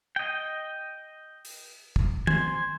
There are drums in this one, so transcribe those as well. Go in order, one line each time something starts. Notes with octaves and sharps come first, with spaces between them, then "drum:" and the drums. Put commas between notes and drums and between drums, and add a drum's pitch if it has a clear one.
D#5 G5
drum: open hi-hat
drum: kick
C5 G#5, drum: tom